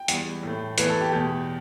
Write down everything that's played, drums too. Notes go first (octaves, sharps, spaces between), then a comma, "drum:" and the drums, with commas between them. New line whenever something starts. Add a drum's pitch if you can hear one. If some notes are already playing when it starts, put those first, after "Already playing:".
Already playing: G5
E2 E3 G3, drum: hi-hat
A2 A3
E2 E3 A3 B4, drum: hi-hat
A4
G4
E2 B2 A3 G4